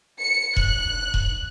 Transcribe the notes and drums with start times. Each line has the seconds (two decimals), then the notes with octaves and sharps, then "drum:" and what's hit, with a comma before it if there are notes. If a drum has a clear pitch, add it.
0.20 C#7
0.57 F#6, drum: kick E1
1.14 drum: kick E1